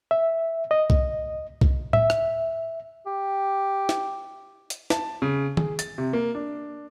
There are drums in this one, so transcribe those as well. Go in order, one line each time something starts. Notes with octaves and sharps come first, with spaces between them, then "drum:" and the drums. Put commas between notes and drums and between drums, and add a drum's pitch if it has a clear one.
E5
D#5
drum: kick C2
drum: kick C2
E5, drum: tom A2
drum: rim click
G4
drum: snare
drum: hi-hat
A5, drum: snare
C#3
G#4, drum: tom D#3
A6, drum: hi-hat
C3
A#3
D4